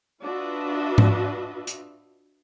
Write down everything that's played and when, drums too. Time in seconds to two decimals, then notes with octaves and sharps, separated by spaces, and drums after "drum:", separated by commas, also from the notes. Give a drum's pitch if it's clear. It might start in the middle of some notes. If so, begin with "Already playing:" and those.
0.24 D4 F4 F#4 B4 D#5 E5
0.98 drum: tom G#2
1.67 drum: hi-hat